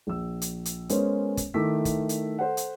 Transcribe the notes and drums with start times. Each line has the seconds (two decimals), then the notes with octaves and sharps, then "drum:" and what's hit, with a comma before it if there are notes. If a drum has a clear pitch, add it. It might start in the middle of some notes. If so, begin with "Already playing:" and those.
0.07 A#1 E6
0.41 drum: hi-hat
0.65 drum: hi-hat
0.89 G#3 B3 C#4 A#4 C5 C#5, drum: hi-hat
1.37 drum: kick, hi-hat
1.54 D#3 A3 E4 D6 E6 B6
1.85 drum: kick, hi-hat
2.09 drum: hi-hat
2.39 A4 C5 F#5
2.57 drum: hi-hat